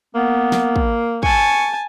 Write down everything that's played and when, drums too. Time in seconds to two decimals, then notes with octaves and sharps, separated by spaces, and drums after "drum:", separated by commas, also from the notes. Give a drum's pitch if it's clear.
0.15 A#3 B3
0.52 drum: snare
0.76 drum: kick
1.23 G#5 A5 C#6, drum: kick